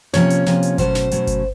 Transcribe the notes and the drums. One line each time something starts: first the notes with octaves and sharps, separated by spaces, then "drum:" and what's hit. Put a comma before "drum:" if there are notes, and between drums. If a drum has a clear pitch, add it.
C3 F3 A#3 C#4 C#5, drum: snare
drum: hi-hat
C3 F3 A#3 C#4, drum: snare
drum: hi-hat
B2 F#3 A3 C#4 C5, drum: kick G1, hi-hat
drum: snare
B2 F#3 A3 C#4, drum: hi-hat
drum: kick G1, hi-hat